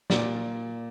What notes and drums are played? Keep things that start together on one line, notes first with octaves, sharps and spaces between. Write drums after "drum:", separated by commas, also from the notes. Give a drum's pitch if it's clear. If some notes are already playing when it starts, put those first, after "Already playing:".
A#2 D5, drum: snare